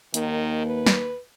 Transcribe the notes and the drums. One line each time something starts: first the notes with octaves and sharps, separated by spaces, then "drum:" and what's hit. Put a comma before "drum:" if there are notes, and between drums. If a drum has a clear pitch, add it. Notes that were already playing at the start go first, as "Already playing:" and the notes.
D#2 D#3, drum: hi-hat
B4
drum: snare